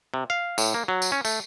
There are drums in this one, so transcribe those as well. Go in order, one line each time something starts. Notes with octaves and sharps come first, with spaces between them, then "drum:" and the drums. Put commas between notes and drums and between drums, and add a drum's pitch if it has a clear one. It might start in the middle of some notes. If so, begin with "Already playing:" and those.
C3
F5
A2, drum: tambourine
A#3
F#3
drum: tambourine
C#4
A3, drum: tambourine